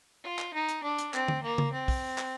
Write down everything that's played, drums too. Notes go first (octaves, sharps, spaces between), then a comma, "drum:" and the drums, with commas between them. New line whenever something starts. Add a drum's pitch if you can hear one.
F4
drum: clap
D#4
drum: hi-hat
D4
drum: hi-hat
C4, drum: clap
drum: tom D3
A#3
drum: tom C#3
C4
drum: kick, open hi-hat
drum: clap